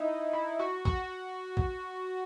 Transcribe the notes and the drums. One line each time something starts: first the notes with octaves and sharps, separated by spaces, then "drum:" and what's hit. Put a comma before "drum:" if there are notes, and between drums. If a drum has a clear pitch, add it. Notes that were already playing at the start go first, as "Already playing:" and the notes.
Already playing: D#4 E4
E4
F#4
F#4, drum: kick A#1
drum: kick A#1